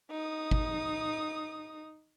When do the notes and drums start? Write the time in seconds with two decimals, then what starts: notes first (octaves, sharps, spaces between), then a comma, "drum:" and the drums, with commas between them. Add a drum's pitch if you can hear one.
0.11 D#4 D#6
0.51 drum: kick